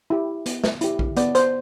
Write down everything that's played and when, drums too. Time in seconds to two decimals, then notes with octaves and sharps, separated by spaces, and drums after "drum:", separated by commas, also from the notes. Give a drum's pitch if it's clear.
0.10 E4 G4
0.46 B3, drum: hi-hat
0.64 drum: snare
0.81 E4 G4, drum: hi-hat
0.99 drum: kick A#1
1.17 B3 D5, drum: hi-hat
1.35 C5, drum: hi-hat